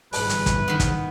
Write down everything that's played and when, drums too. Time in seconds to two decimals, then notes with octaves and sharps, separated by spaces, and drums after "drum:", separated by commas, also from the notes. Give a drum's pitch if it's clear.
0.13 G1 G#2 E3 B4, drum: open hi-hat
0.29 drum: hi-hat
0.46 drum: kick, hi-hat
0.68 D#3 B3
0.80 drum: kick, hi-hat